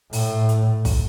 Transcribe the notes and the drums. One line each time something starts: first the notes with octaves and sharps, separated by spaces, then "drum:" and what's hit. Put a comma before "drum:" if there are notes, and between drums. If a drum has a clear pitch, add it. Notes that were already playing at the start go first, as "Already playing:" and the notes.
A2, drum: open hi-hat
drum: hi-hat
drum: kick, open hi-hat